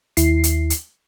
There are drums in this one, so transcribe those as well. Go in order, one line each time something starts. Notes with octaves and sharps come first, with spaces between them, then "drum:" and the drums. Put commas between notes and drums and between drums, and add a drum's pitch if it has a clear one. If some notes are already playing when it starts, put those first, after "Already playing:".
D#2 E4 C7, drum: hi-hat
drum: hi-hat
drum: hi-hat